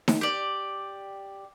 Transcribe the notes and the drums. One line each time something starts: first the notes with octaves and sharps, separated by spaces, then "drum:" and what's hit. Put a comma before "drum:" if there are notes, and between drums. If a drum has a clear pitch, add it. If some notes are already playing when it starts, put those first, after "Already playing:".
drum: snare D#4
G4 D5